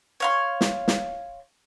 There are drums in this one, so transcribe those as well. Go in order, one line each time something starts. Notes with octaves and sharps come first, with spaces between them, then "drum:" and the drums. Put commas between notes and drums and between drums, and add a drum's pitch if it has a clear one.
C#5 F5 C6
drum: snare
drum: snare